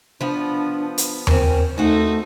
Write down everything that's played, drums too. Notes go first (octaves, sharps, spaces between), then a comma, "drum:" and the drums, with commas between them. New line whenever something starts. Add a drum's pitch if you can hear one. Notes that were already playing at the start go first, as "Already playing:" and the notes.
F3 B3 D4
drum: hi-hat
C4 C#4 A#4, drum: tom D#2
A3 D#4 F#4 C5